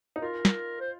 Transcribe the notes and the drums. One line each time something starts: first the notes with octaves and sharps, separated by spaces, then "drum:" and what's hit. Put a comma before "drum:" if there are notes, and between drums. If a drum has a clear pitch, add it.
D#4
F4 A#4
drum: snare
C5